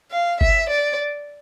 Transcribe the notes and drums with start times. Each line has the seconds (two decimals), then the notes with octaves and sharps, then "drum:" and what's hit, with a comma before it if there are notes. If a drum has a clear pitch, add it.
0.12 F5
0.41 E5, drum: kick G1
0.70 D5